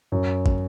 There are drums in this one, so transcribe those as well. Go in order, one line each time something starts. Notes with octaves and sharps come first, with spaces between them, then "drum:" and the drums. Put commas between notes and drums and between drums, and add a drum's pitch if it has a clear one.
F#2
drum: kick